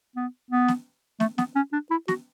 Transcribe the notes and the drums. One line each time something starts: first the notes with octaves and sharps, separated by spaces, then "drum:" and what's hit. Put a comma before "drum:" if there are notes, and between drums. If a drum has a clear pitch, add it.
B3
B3
drum: snare
A3, drum: snare
B3, drum: snare
C#4
D4
E4
F#4, drum: snare